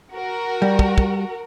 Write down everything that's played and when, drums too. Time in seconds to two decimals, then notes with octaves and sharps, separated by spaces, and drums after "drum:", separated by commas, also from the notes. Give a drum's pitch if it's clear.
0.14 F#4 A#4
0.62 G3
0.79 drum: kick
0.98 drum: kick